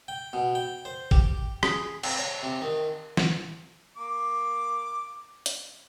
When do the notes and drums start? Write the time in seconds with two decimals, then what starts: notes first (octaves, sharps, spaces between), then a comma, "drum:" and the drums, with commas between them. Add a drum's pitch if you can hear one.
0.08 G5
0.33 B2
0.55 G5
0.85 C5
1.11 G4, drum: kick
1.63 G#4, drum: rim click
2.03 C4, drum: cymbal
2.19 C#5
2.43 C3
2.62 D#3
3.17 drum: snare
3.97 A#3 D6
5.46 drum: hi-hat